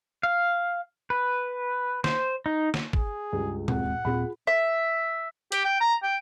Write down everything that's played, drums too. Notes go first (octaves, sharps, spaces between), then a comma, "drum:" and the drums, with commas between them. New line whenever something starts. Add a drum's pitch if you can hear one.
F5
B4
C5, drum: snare
D#4
drum: snare
G#4, drum: kick
C#2 G2
D#1 G#3 C4 F#5, drum: tom A#2
D#1 A#2 C4 F4 G#4 B5
E5
G4, drum: hi-hat
G5
A#5
G5